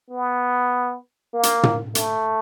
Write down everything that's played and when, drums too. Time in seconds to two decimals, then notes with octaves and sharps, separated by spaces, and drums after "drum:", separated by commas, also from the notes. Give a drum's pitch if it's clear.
0.10 B3
1.34 A#3
1.43 drum: hi-hat
1.63 drum: tom
1.95 A3, drum: hi-hat